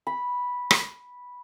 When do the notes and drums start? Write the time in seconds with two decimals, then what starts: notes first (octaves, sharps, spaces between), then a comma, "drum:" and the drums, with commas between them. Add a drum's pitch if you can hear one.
0.07 B5
0.71 drum: rim click